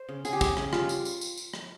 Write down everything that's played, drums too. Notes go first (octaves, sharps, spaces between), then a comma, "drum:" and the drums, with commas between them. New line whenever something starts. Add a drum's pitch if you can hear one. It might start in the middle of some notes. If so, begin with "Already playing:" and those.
Already playing: C5
C#3
C#3 G#4, drum: tambourine
G4
G#3 G#4, drum: kick, tambourine
C#3, drum: rim click
G3 F4, drum: rim click
drum: tambourine
drum: tambourine
drum: tambourine
drum: tambourine
drum: rim click